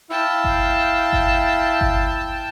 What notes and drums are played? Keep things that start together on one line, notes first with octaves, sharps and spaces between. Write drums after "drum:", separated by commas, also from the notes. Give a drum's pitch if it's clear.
E4 F5 G5 A5
drum: kick G1
drum: kick G1
drum: kick G1